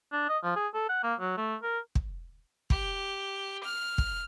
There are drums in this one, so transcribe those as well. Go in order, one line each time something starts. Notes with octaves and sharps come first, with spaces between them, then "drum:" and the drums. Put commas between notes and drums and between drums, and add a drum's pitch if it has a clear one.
D4
D#5
F3
G#4
A4
F#5
A#3
F#3
A3
A#4
drum: kick
G4, drum: kick
F6
drum: kick